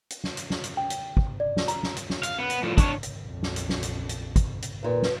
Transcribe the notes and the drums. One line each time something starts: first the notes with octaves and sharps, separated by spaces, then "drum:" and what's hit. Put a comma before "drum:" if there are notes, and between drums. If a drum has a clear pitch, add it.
drum: hi-hat
drum: snare
drum: hi-hat
drum: snare
drum: hi-hat
G5
drum: hi-hat
drum: kick
D5
drum: snare
A#5, drum: hi-hat
drum: snare
drum: hi-hat
drum: snare
F5, drum: hi-hat
B3
drum: hi-hat
A2 F3
D4 C#5, drum: kick, hi-hat
drum: hi-hat
A#1 F2
drum: snare
drum: hi-hat
drum: snare
drum: hi-hat
drum: hi-hat
drum: kick, hi-hat
drum: hi-hat
D#2 A#2 B4
drum: snare